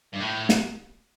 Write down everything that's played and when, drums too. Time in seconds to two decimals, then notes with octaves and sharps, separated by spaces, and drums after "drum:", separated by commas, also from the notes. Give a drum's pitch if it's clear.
0.13 G2
0.20 A2
0.49 drum: snare